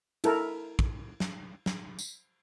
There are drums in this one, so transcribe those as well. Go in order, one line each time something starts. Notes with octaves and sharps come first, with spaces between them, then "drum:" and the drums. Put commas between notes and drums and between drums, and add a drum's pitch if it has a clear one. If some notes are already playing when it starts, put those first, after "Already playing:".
E4 A4 A#4, drum: cymbal
drum: kick
drum: snare
drum: snare
drum: tambourine